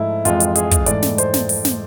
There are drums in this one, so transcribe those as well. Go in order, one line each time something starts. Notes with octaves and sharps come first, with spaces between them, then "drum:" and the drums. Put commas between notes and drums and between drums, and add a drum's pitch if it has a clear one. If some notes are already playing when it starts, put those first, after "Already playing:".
Already playing: G#2 F3 A3 E4
F2 E3 G#3 F4, drum: hi-hat
drum: hi-hat
G#4, drum: hi-hat
drum: kick, hi-hat
G#2 E3 A3 D5, drum: hi-hat
drum: snare
C5, drum: hi-hat
drum: snare
drum: open hi-hat
drum: snare